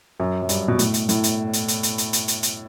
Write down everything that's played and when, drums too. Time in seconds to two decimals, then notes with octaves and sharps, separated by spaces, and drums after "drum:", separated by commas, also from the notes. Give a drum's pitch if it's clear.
0.20 F#2
0.42 F#2
0.49 G2, drum: hi-hat
0.68 B2
0.79 A2, drum: hi-hat
0.94 drum: hi-hat
1.09 A2, drum: hi-hat
1.24 drum: hi-hat
1.54 drum: hi-hat
1.68 drum: hi-hat
1.83 drum: hi-hat
1.98 drum: hi-hat
2.13 drum: hi-hat
2.28 drum: hi-hat
2.43 drum: hi-hat